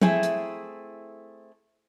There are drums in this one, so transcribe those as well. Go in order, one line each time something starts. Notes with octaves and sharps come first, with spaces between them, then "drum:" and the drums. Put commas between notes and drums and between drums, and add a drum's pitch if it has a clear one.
A3 C4 E4 G#4, drum: tom F3
drum: hi-hat